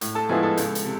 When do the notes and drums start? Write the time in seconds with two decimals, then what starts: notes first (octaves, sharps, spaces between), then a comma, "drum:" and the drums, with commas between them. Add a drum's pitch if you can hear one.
0.01 A2, drum: hi-hat
0.15 A4 A5
0.29 F3 G#3 B3 E4 G#4 G#5
0.43 A4 A5
0.57 C#2, drum: hi-hat
0.75 drum: hi-hat
0.84 C3